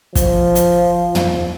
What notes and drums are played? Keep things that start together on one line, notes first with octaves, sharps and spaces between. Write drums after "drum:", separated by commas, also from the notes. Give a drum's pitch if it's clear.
F3, drum: kick, hi-hat
drum: hi-hat
drum: tom